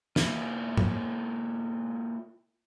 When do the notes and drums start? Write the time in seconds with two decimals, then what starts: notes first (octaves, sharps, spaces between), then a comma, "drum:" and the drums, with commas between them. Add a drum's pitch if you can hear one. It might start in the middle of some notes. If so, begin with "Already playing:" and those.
0.16 A#3 E4 F4, drum: snare
0.77 drum: tom